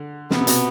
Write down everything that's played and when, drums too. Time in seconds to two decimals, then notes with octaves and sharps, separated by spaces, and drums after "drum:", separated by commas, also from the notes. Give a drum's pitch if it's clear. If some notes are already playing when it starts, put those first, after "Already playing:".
Already playing: D3
0.31 C3 B3, drum: snare
0.41 C3
0.47 B2, drum: hi-hat